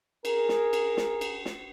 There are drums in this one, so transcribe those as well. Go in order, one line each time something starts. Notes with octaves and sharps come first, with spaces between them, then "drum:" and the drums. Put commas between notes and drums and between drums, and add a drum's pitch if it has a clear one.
G#4 A#4, drum: cymbal
drum: snare
drum: cymbal
drum: snare
drum: cymbal
drum: snare